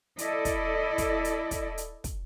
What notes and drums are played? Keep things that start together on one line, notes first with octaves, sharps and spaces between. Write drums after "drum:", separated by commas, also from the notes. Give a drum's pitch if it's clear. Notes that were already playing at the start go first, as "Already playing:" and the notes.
E4 A4 D5 D#5, drum: hi-hat
drum: kick, hi-hat
drum: kick, hi-hat
drum: hi-hat
drum: kick, hi-hat
drum: hi-hat
drum: kick, hi-hat